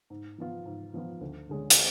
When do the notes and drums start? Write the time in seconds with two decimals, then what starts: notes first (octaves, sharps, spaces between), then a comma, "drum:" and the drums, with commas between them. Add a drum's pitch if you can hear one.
0.10 G#2
0.38 F3 B3 F4
0.66 G#2
0.94 F3 B3 F4
1.21 D2
1.49 D3 G#3 C#4
1.70 drum: hi-hat